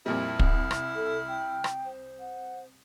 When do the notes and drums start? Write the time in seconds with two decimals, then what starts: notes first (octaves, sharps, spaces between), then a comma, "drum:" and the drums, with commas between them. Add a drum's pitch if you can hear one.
0.06 F2 A#2 G3 E4 F6
0.39 C2, drum: kick
0.71 drum: rim click
0.96 A4
1.28 G5
1.64 drum: rim click
1.85 C5
2.20 F#5